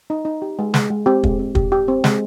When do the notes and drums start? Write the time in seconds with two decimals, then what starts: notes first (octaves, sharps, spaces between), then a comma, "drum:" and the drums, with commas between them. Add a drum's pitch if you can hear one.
0.10 D#4
0.25 D#4
0.42 G4
0.59 G#3
0.74 G#3, drum: snare
0.91 G#3
1.06 C4 G4
1.23 G#3, drum: kick
1.39 C4
1.55 G4, drum: kick
1.72 G4
1.88 C4
2.04 G#3, drum: snare